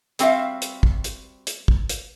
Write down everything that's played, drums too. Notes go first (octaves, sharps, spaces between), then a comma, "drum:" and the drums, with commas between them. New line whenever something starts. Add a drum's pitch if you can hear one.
G3 C4 F#4 D5 E5 F5, drum: hi-hat
drum: hi-hat
drum: kick
drum: hi-hat
drum: hi-hat
drum: kick
drum: hi-hat